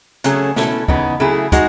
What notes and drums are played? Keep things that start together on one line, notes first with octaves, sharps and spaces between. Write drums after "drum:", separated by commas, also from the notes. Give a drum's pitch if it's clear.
C#3 F#3 A3 C#4 G#4, drum: hi-hat
B2 A3 C#4 E4 A4, drum: snare
C#3 E3 B3 D#4, drum: kick
C#3 F#3 A3 E4 G#4
G#3 D#4 F#4, drum: kick, hi-hat